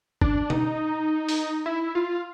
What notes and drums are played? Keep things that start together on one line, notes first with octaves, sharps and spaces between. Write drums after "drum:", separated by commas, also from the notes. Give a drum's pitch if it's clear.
D4, drum: kick
D#4, drum: tom B2
drum: open hi-hat
E4
F4